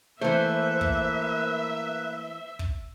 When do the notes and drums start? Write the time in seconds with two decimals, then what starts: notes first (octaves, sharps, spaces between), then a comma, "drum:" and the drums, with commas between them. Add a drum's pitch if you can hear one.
0.21 E3 A3 A#3 B4 C5 E5
0.81 drum: kick
2.59 drum: kick